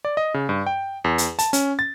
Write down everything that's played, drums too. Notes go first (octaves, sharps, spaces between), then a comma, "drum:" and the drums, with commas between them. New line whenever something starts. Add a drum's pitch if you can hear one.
D5
D#5
C#3
G2
G5
E2
drum: hi-hat
A5, drum: hi-hat
C#4, drum: hi-hat
A6